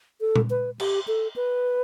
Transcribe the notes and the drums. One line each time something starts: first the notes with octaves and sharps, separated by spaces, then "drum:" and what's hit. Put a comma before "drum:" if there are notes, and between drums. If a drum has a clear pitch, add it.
A4
drum: tom A#2
B4
G4, drum: cymbal
A4
B4